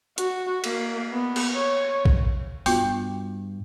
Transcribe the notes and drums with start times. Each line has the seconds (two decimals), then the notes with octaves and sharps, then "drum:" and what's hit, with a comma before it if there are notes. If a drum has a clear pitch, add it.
0.18 F#4, drum: hi-hat
0.64 A#3, drum: cymbal
1.12 B3
1.36 drum: cymbal
1.56 C#5
2.05 drum: kick A#1
2.66 G2 B3 F4 F#4, drum: open hi-hat